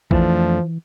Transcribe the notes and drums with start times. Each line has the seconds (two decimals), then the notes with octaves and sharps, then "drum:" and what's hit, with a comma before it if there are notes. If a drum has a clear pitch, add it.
0.11 F2 E3 F3 A3 D4, drum: kick A#1